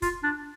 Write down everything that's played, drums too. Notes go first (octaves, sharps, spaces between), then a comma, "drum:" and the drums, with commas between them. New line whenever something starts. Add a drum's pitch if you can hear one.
F4, drum: kick, hi-hat
D4